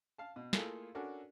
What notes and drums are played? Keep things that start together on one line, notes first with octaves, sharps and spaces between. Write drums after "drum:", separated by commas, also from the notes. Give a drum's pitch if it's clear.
F5 A5
B2
A3 A#3 E4 F4 G#4 A4, drum: snare
C#4 D4 F#4 A4 A#4